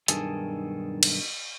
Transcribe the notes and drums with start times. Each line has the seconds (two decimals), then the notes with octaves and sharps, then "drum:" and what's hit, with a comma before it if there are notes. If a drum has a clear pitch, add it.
0.08 B1 G2 D#3 G#4 A4, drum: hi-hat
1.03 drum: cymbal